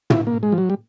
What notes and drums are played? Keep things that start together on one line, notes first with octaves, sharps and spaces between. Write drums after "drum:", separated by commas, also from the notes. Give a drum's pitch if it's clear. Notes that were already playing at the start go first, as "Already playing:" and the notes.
E4, drum: tom
A#3
G#3
F3
F#3
G3